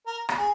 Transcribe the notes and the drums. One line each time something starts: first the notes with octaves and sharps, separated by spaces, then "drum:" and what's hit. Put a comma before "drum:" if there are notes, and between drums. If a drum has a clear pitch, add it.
A#4
drum: rim click
G#4